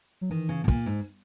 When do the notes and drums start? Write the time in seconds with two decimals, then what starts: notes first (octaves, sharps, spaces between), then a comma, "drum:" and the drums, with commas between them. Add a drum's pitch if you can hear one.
0.21 F#3
0.30 D#3 E3
0.49 C#3
0.64 B2
0.68 A#2, drum: kick
0.86 G#2